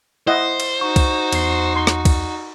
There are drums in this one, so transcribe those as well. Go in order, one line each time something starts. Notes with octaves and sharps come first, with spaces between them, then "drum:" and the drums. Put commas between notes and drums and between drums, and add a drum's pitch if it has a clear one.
E4 C5 D#5 F#5
drum: cymbal
D#4 F#4 C#6
drum: kick C2, cymbal
E2 C7, drum: cymbal
C6
drum: rim click
drum: kick C2, cymbal